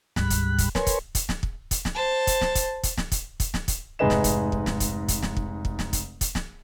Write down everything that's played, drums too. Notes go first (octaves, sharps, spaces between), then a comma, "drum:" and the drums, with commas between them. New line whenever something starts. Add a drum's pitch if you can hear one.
D2 G#2 G3 B5 F#6, drum: snare
drum: kick, hi-hat
drum: kick, hi-hat
A#4 B4 C#5 G#5 C6, drum: snare
drum: kick, hi-hat
drum: kick, hi-hat
drum: snare
drum: kick
drum: kick, hi-hat
drum: snare
C5 A5
drum: kick, hi-hat
drum: snare
drum: kick, hi-hat
drum: kick, hi-hat
drum: snare
drum: kick, hi-hat
drum: kick, hi-hat
drum: snare
drum: kick, hi-hat
F1 G#2 G#4 B4 D#5 E7
drum: snare
drum: kick, hi-hat
drum: kick
drum: snare
drum: kick, hi-hat
drum: kick, hi-hat
drum: snare
drum: kick
drum: kick
drum: snare
drum: kick, hi-hat
drum: kick, hi-hat
drum: snare